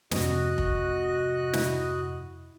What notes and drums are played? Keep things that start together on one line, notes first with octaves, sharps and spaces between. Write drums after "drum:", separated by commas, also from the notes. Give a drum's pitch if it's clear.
F2 G#2 C3 F#4 D#5 F#6, drum: snare
drum: kick F1
E4, drum: snare